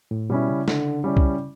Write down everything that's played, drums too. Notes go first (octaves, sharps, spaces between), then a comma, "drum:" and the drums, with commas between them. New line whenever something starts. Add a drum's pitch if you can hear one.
A2
B2 G3 C#4 E4
C#3
D3, drum: snare
G3 C#4 E4
drum: kick C2